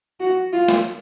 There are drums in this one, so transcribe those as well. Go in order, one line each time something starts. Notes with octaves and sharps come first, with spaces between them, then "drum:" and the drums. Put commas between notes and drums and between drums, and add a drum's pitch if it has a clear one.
F#4
F4
drum: snare